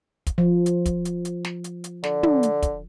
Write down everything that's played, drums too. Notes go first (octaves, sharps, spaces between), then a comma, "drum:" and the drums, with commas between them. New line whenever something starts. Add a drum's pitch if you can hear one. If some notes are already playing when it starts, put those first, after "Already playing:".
drum: kick, hi-hat
F3
drum: hi-hat
drum: kick, hi-hat
drum: hi-hat
drum: hi-hat
drum: snare
drum: hi-hat
drum: hi-hat
D3, drum: snare
drum: tom
drum: hi-hat
drum: kick, hi-hat